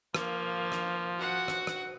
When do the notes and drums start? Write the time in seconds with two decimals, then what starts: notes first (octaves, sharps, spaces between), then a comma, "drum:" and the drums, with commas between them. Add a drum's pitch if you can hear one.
0.15 F3 A#3, drum: rim click
0.72 drum: rim click
1.18 F#4 F#5
1.48 drum: rim click
1.67 drum: rim click